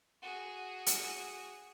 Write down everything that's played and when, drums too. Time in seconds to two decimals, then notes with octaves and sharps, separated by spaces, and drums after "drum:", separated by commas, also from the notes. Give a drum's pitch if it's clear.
0.22 F#4 G#4
0.86 drum: hi-hat